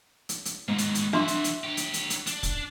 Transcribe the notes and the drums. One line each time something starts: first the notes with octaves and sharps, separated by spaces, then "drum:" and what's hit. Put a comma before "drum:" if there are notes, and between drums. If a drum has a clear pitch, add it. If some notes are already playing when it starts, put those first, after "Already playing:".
drum: hi-hat
drum: hi-hat
D#2 G#2 B2
drum: hi-hat
drum: hi-hat
E3 D4 F#4 E5 C6, drum: snare
drum: hi-hat
drum: hi-hat
G4 C#5
drum: hi-hat
drum: hi-hat
drum: hi-hat
D4, drum: hi-hat
drum: kick, hi-hat